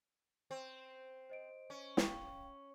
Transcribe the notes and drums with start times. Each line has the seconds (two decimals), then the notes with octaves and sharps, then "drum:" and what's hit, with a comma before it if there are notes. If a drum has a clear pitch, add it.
0.51 C4
1.30 C5 D#5 D7
1.70 C#4
1.97 F5 G5, drum: snare